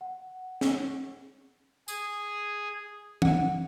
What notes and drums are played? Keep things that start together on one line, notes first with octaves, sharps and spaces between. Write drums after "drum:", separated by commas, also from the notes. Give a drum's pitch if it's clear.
F#5
drum: snare
G#4, drum: tambourine
F#5, drum: tom